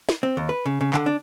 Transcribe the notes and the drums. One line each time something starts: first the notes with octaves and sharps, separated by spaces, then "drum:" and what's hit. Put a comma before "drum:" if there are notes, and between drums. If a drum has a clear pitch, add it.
drum: snare
C4
D#2
B4
C#3
C#3
D3, drum: clap
D4